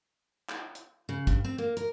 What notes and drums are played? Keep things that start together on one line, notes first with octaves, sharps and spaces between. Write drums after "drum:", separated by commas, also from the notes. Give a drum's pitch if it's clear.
drum: clap
drum: hi-hat
C#3
G2, drum: kick, hi-hat
C4
A#3
A#4, drum: hi-hat